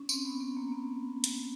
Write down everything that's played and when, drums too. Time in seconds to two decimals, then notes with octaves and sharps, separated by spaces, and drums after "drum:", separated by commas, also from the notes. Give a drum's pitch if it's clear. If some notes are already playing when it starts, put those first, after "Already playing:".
Already playing: C#4
0.09 C4, drum: tambourine
0.25 B3
0.40 B3
0.57 A#3
0.72 B3
1.24 drum: hi-hat